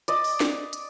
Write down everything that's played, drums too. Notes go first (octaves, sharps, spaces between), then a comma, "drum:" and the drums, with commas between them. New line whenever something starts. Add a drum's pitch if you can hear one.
D5 D#5, drum: hi-hat
drum: open hi-hat
drum: snare
drum: hi-hat